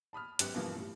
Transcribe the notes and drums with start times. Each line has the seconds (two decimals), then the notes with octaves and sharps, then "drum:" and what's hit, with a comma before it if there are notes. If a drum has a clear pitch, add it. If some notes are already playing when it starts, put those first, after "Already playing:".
0.13 A5 B5 D#6 F6
0.39 G#1 F#2 B3 G4 F#6 C#7, drum: hi-hat
0.54 G2 B2 E3 F3 A#3 B3
0.76 A2 G3